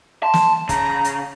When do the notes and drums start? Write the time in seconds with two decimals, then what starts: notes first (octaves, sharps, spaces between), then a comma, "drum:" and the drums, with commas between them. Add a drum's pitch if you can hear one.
0.23 A5 C6
0.34 drum: snare
0.69 C#3 A#5, drum: kick, hi-hat
1.04 drum: hi-hat